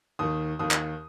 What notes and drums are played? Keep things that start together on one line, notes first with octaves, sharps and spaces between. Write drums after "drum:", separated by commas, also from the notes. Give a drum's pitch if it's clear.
D#2 D#3 D#6
D#2 D#3 D#6
drum: clap